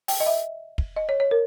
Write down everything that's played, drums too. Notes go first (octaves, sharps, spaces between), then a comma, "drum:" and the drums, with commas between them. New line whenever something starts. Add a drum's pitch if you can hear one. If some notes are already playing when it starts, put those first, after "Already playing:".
G5, drum: open hi-hat
D#5
E5
drum: kick
D#5
C#5
C#5
A#4